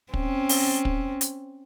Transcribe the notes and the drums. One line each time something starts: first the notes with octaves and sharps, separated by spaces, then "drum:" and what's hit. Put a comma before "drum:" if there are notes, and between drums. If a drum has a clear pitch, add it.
C4 C#4, drum: kick
drum: open hi-hat
drum: kick
drum: hi-hat